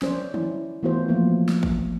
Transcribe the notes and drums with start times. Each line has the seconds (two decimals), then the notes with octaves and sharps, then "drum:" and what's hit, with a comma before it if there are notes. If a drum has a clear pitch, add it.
0.02 C#4 C5 D5, drum: snare
0.34 E4, drum: tom
0.83 E3 A3 B3 F4 F#4 C5
1.08 F3 A3 A#3 F4
1.49 drum: snare
1.63 drum: kick